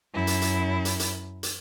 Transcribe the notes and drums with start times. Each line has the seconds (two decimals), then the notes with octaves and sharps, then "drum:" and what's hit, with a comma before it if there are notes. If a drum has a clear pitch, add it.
0.13 F#2 E4
0.27 drum: hi-hat
0.42 drum: hi-hat
0.85 drum: hi-hat
0.99 drum: hi-hat
1.43 drum: hi-hat